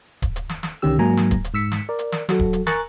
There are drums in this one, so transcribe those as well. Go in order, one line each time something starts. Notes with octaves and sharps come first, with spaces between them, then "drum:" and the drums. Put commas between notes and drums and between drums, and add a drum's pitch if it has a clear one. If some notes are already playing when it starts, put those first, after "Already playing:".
drum: kick D1, hi-hat
drum: hi-hat
drum: snare
drum: snare
C2 D3 D#3 C#4 G4 E6
G#2 F#3 A#3 G#5 A#5
drum: snare
drum: kick D1, hi-hat
drum: hi-hat
G#2 E6 B6 C#7
drum: snare
A#4 D5
drum: hi-hat
drum: snare
F#3 F#4 A4, drum: snare
drum: kick D1
drum: hi-hat
A#4 G#5 A#5 C#6 F#6 A6, drum: snare